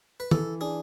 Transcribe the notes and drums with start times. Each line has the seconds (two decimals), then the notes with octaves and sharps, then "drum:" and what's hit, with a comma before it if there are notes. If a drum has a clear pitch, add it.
0.20 B4
0.31 E3 A4, drum: tom
0.61 D4 G#4